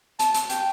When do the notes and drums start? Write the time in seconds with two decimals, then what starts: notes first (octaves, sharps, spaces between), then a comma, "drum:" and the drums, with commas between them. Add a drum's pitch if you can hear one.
0.19 A5, drum: hi-hat
0.34 drum: hi-hat
0.49 G5, drum: hi-hat